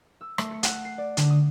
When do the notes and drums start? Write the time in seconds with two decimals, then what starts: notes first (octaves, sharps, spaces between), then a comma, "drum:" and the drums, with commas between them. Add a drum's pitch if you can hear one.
0.21 E6
0.38 A3, drum: rim click
0.51 C#7
0.63 F#5, drum: hi-hat
0.85 C7
0.98 D5
1.17 D3, drum: hi-hat
1.30 D#6